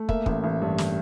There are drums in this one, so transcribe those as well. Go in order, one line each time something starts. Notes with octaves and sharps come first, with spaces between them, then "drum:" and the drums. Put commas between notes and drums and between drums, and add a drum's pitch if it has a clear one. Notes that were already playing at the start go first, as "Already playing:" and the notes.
Already playing: A3
A#3 E5, drum: kick
A1, drum: kick
A1
G2
drum: snare